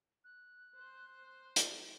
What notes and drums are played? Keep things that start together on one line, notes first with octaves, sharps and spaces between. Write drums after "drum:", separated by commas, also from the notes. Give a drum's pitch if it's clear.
F#6
C5
drum: hi-hat